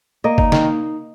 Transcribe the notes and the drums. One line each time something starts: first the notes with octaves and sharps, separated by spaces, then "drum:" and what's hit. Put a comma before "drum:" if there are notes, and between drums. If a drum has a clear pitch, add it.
A#3 D#5
D#4, drum: kick
D#3, drum: snare